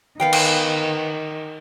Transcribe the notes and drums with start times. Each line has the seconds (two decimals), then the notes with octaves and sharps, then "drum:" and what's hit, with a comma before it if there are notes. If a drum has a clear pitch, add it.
0.20 D#3 B3 F5 G5
0.33 drum: cymbal